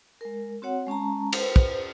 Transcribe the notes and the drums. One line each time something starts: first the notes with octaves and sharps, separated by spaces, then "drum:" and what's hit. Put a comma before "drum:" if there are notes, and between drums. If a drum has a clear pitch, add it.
G#3 A#4
C4 F#4 C#5 F#5
G#3 C#4 A5 A#5
B4 C5, drum: cymbal
drum: kick